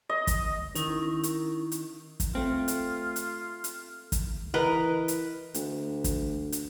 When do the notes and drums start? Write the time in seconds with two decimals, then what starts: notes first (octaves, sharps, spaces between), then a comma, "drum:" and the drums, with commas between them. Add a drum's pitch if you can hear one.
0.09 D#5
0.27 drum: kick, hi-hat
0.75 D#3 C#4 E4 A#4, drum: hi-hat
1.23 drum: hi-hat
1.72 drum: hi-hat
2.20 drum: kick, hi-hat
2.35 A3 C4 F4
2.68 drum: hi-hat
3.16 drum: hi-hat
3.64 drum: hi-hat
4.12 drum: kick, hi-hat
4.54 E3 A#4 B4 D#5
5.08 drum: hi-hat
5.54 D2, drum: hi-hat
6.04 drum: kick, hi-hat
6.52 drum: hi-hat